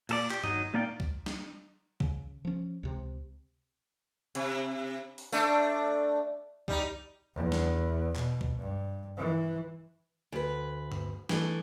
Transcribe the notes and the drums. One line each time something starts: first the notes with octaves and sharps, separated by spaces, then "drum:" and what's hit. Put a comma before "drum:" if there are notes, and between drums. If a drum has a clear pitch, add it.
A#2 A4 D5, drum: cymbal
G4, drum: clap
F#3 D#4 D#5, drum: tom G2
A#2 A#3 D#4 D5 F5 G5
drum: kick
drum: snare
C#3, drum: kick
F3 C#4
C#2 C3
C3, drum: hi-hat
drum: open hi-hat
A3 D4, drum: tambourine
G3 D#4, drum: kick
E2
drum: snare
B2, drum: clap
drum: kick
G2
E3
D2 B4
drum: tom G2
E3 A3, drum: snare